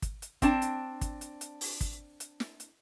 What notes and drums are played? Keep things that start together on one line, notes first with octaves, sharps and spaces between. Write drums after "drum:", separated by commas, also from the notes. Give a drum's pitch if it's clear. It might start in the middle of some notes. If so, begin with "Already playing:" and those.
drum: kick, hi-hat
drum: hi-hat
C4 D4 A5, drum: kick, hi-hat
drum: hi-hat
drum: kick, hi-hat
drum: hi-hat
drum: hi-hat
drum: open hi-hat
drum: kick, hi-hat
drum: hi-hat
drum: snare
drum: hi-hat